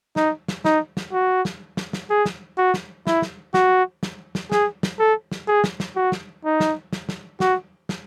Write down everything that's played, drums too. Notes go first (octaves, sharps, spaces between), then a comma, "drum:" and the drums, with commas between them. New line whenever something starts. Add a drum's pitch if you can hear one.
D#4, drum: snare
drum: snare
D#4, drum: snare
drum: snare
F#4
drum: snare
drum: snare
drum: snare
G#4
drum: snare
F#4
drum: snare
E4, drum: snare
drum: snare
F#4, drum: snare
drum: snare
drum: snare
G#4, drum: snare
drum: snare
A4
drum: snare
G#4
drum: snare
drum: snare
F#4
drum: snare
D#4
drum: snare
drum: snare
drum: snare
F#4, drum: snare
drum: snare